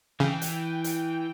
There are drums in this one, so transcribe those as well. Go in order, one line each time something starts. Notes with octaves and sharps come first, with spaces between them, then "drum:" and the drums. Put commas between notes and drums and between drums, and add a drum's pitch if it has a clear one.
C#3 E3 G5
drum: hi-hat
drum: hi-hat